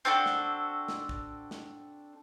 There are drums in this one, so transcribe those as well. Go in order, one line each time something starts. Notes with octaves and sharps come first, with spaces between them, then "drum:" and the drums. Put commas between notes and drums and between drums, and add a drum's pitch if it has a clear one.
C4 D4 F#4 A4
drum: snare
drum: snare
drum: kick
drum: snare